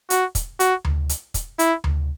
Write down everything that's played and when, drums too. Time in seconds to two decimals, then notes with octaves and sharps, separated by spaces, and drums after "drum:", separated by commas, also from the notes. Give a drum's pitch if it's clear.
0.10 F#4, drum: hi-hat
0.35 drum: kick, hi-hat
0.60 F#4, drum: hi-hat
0.85 drum: tom D2
1.09 drum: hi-hat
1.34 drum: kick, hi-hat
1.59 E4, drum: hi-hat
1.84 drum: tom D2